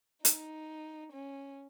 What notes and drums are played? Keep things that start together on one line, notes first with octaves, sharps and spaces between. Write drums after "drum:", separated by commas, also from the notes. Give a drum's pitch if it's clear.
D#4, drum: hi-hat
C#4